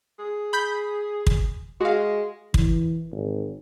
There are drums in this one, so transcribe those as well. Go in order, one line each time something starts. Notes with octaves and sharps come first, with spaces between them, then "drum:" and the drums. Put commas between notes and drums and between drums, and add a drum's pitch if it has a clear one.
G#4
B5 G6 B6
drum: kick
G#3 F#4 F5
E3, drum: kick
G#1